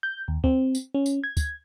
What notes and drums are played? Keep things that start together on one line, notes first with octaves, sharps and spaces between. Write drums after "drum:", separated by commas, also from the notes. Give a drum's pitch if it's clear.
G6
D#2
C4, drum: kick
drum: tambourine
C#4
drum: tambourine
G#6
drum: kick, tambourine